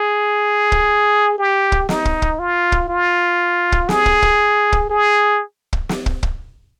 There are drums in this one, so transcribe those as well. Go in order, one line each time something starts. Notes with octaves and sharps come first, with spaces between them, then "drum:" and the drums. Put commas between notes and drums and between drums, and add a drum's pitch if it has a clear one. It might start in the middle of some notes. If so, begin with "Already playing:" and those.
Already playing: G#4
drum: kick
G4
drum: kick
D#4, drum: snare
drum: kick
drum: kick
F4
drum: kick
F4
drum: kick
G#4, drum: snare
drum: kick
drum: kick
drum: kick
G#4
drum: kick
drum: snare
drum: kick
drum: kick